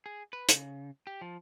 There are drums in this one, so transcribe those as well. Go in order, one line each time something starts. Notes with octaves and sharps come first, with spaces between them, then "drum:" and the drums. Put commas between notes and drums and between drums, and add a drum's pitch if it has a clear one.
G#4
B4
C#3, drum: hi-hat
G4
F3